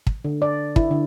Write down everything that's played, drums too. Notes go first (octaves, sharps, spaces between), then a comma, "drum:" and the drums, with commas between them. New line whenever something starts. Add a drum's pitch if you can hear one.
drum: kick
D3
D5
E4, drum: kick
D3